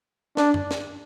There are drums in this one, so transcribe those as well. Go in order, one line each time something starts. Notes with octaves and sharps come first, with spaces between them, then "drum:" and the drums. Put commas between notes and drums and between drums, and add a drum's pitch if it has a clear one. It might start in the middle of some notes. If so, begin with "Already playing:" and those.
D4, drum: snare
drum: tom F#2
drum: snare